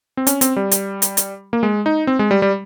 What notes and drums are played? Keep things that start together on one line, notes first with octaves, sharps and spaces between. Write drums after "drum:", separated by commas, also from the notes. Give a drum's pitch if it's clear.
C4
C#4, drum: hi-hat
C4, drum: hi-hat
G3
drum: hi-hat
drum: hi-hat
drum: hi-hat
A#3
G#3
D#4
C4
G#3
G3
G3